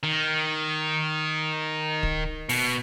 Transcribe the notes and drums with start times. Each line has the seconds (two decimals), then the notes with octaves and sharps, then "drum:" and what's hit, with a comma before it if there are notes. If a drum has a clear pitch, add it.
0.03 D#3
2.03 drum: kick D1
2.49 B2, drum: open hi-hat